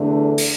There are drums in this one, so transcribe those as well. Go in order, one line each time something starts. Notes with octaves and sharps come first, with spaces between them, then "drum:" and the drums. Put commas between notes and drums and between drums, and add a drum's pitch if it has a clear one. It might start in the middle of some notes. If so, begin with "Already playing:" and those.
Already playing: E2 D3 A3
drum: open hi-hat